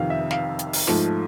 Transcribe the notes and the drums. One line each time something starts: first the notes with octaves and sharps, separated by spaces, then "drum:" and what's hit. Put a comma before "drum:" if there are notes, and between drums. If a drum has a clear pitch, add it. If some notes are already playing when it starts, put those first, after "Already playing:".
Already playing: F2 C3 D#3 F5
E5
F5, drum: snare
drum: hi-hat
drum: open hi-hat
G#2 F3 A3, drum: snare